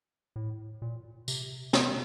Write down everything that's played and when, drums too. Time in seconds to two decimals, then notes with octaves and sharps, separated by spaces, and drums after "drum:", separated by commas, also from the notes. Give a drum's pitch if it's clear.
0.36 A2
0.82 A#2
1.28 C3, drum: tambourine
1.73 C3, drum: snare